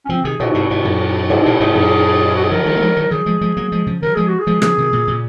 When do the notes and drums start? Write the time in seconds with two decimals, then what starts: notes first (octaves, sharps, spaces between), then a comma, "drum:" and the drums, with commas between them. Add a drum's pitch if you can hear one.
0.05 C#4
0.09 C#3 F3 C4
0.24 C3 D#3 G#4
0.40 A#2 C#3 F#4, drum: cymbal
0.54 G#2 C3
0.70 G#2 C3
0.84 F#2 A#2
1.30 G#2 C3, drum: cymbal
1.46 A#2 C#3
1.60 G#2 C3 G#4
1.75 F#2 A#2 G#4
2.36 F#4
2.43 G#4
2.51 C#3 F3 A#4
2.66 D#3 F#3
2.76 A#3
2.81 F3 G#3
2.96 D#3 F#3 A#4
3.11 D#3 F#3 G#4
3.26 F3 G#3
3.41 F3 G#3
3.57 F#3 A#3
3.72 F3 G#3
3.87 C#3 F3
4.02 D#3 F#3 A#4
4.15 F3 G#3 G#4
4.28 F#4
4.39 G#4
4.47 F3 G#3
4.62 C#3 F3 G#4, drum: rim click
4.78 C3 D#3
4.93 A#2 C#3
5.07 A#2 C#3